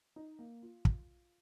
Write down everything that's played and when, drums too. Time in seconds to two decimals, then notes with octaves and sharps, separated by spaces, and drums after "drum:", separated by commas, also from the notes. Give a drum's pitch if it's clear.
0.16 D#4
0.39 A#3
0.63 F4
0.85 drum: kick